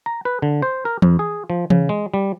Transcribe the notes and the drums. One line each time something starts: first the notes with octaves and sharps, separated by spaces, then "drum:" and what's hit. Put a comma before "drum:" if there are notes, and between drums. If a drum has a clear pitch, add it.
A#5
B4
D3
C5
A#4
F2, drum: tom E3
G#4
F3
C#3, drum: tom E3
G#3
G3